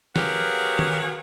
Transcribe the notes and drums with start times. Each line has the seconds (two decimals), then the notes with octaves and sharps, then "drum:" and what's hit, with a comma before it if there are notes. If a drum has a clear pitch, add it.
0.16 F#3 B3 G4 G#4 A#4 F5, drum: snare
0.79 drum: tom D#3